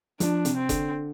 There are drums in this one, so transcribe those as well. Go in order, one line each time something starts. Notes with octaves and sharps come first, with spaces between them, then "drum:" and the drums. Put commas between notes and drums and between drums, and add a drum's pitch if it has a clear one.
F3 D4, drum: hi-hat
C3, drum: hi-hat
C4
D3, drum: kick F#1, hi-hat